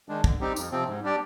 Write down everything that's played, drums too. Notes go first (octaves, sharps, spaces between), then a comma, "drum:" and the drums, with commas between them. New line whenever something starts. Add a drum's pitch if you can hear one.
D#3 G#3 D4
D3, drum: kick
G3 C4 D#4 G4
F2, drum: tambourine
C3 F3 C4
G#2
G3 D4 G4 D5